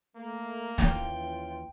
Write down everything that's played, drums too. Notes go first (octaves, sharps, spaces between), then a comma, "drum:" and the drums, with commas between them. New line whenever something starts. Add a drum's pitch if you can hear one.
A3 A#3 A#4
D#2 E3 C#4 F4 G5, drum: snare